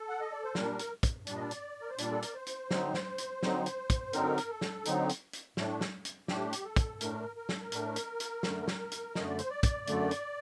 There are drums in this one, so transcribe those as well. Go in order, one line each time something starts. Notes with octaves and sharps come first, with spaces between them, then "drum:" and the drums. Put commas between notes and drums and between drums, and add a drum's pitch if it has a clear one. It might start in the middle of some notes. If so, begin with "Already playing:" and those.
Already playing: A4
F#5
D#5
D5
C5
A#2 G3 D4 A#4, drum: snare
drum: hi-hat
drum: kick, hi-hat
A#2 G3 D4 D5, drum: hi-hat
D#5
D5
drum: hi-hat
A#4
C5
A#2 G3 D4 D5, drum: hi-hat
A4
A#4, drum: hi-hat
C5
drum: hi-hat
D3 F#3 C4 D#4, drum: snare
drum: snare
drum: hi-hat
D3 F#3 C4 D#4, drum: snare
drum: hi-hat
drum: kick, hi-hat
D3 F#3 C4 D#4 A#4, drum: hi-hat
drum: hi-hat
A4
drum: snare
D3 F#3 C4 D#4, drum: hi-hat
drum: hi-hat
drum: hi-hat
A2 A3 D4, drum: snare
drum: snare
drum: hi-hat
A2 A3 D4 G4, drum: snare
drum: hi-hat
A4
drum: kick, hi-hat
A2 A3 D4 A#4, drum: hi-hat
A#4
A4, drum: snare
A#4
A2 A3 D4, drum: hi-hat
drum: hi-hat
drum: hi-hat
F#2 D3 A3, drum: snare
drum: snare
drum: hi-hat
F#2 D3 A3 D#5, drum: snare
D5
C5, drum: hi-hat
D5
drum: kick, hi-hat
F#2 D3 A3, drum: hi-hat
drum: hi-hat